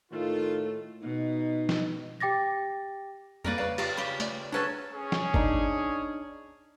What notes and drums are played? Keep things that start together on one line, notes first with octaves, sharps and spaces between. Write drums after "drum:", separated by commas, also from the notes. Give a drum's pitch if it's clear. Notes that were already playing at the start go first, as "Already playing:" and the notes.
A2 D#3 A3 F4
B2 D#4
drum: snare
G4 G5 D6 A6 A#6
F2 G3 A#3 A#4 B4 D5
C#3 B4 D5 F5
F4 G4 D5 F5 A#6, drum: cymbal
C#3 G4 G5 B5
A3 D5, drum: hi-hat
F#3 C#4 D4 A4 B4 A5
C#4 G#4
drum: snare
D4 D#4, drum: kick